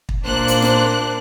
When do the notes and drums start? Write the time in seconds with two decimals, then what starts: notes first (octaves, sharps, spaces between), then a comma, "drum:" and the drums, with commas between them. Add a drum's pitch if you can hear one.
0.09 drum: kick
0.25 A#2 A#3 D4 C5 F#6
0.48 drum: hi-hat
0.62 drum: snare